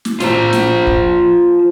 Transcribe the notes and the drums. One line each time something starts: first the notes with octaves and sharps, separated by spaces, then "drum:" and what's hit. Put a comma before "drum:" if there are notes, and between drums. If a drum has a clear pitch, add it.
drum: snare
F4 C5 A#5, drum: snare
drum: snare
drum: kick